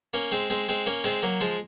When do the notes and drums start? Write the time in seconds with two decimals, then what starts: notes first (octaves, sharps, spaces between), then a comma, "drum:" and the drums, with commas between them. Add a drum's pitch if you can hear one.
0.13 A#3 C#4
0.32 G#3 C4
0.50 G#3 C4
0.68 G#3 C4
0.86 A#3 C#4
1.04 G#3 C4, drum: open hi-hat
1.23 F#3 A#3
1.41 F3 G#3